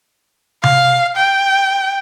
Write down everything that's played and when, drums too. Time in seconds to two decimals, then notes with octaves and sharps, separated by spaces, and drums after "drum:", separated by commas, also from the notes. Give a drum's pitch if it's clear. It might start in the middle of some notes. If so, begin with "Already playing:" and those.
0.64 F5, drum: tom C3
1.16 G5